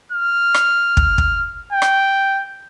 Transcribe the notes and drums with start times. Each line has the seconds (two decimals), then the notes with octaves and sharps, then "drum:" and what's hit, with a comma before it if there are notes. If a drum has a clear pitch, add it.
0.12 F6
0.54 drum: rim click
0.97 drum: kick
1.18 drum: kick
1.72 G5
1.82 drum: rim click